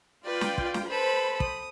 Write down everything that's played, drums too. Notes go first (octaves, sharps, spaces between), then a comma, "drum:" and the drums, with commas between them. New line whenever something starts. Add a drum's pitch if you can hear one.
F4 B4 D5 G5
drum: snare
drum: kick
drum: snare
A4 B4 C5 B5
D#6, drum: kick